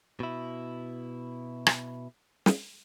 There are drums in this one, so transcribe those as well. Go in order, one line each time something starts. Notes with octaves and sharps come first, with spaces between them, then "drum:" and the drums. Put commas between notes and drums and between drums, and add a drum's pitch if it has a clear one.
B2 E4
drum: rim click
drum: snare